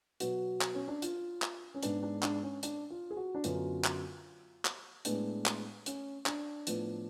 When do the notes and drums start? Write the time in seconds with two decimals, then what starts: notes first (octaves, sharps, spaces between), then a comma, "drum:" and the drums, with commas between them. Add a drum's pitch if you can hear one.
0.20 B2 F#3 B3 F#4, drum: hi-hat
0.61 drum: clap
0.75 C#4
0.88 D4
1.02 F4, drum: hi-hat
1.42 drum: clap
1.74 C#4
1.83 G#2 G#3 B3 D4, drum: hi-hat
2.03 D4
2.23 D4, drum: clap
2.43 C#4
2.63 D4, drum: hi-hat
2.90 F4
3.11 G#4
3.17 F#4
3.35 D4
3.44 F#2 D3 F#3 B3 F4, drum: hi-hat
3.84 drum: clap
4.65 drum: clap
5.05 A2 G#3 B3 D4, drum: hi-hat
5.46 drum: clap
5.86 C#4, drum: hi-hat
6.26 D4, drum: clap
6.67 A2 F3 B3, drum: hi-hat